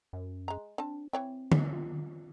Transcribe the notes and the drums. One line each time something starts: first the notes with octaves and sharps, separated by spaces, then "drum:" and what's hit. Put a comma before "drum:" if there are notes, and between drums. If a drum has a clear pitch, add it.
F#2
G#3 A#5
C4 D4 A5
E3 C4 C#5 G5
drum: tom D3
F4